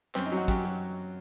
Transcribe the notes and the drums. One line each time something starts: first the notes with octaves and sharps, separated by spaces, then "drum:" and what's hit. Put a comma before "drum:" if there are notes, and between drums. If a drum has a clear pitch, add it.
F#2 C4, drum: clap
D#4
F#3
F#4
F#2 G4, drum: kick, hi-hat
F#3